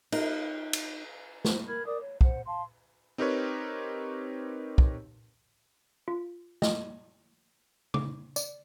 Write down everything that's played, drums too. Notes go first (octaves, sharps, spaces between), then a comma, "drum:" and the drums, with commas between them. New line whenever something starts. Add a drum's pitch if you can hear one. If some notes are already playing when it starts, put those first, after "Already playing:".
D#4, drum: cymbal
drum: cymbal
C5, drum: snare
A#4 B5 F6 G#6
A#4 D5 D6 D#6
C#5
C5 F#5, drum: kick
F5 A5 C6
C4 D#4 G4 A#4 B4 C#5
drum: kick
F4
D#5, drum: snare
D6, drum: tom C#3
D5, drum: tambourine